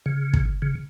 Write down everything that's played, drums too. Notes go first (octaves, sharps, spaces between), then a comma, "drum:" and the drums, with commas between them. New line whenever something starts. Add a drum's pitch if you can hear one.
C#3
drum: kick
C#3